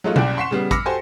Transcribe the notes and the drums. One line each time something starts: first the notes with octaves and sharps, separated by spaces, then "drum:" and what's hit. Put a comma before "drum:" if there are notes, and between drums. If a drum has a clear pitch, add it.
F#3 G#3 A3 D#4 F4 F#4
F#1 C2 F#2 D5 G5 D7, drum: tom B2
F#5 C6 C#6 B6 C7 E7
C#3 G3 B3
B5 D6 E6 F6 A#6 C#7, drum: kick, hi-hat
F#4 G4 A4 C5 G#5 C6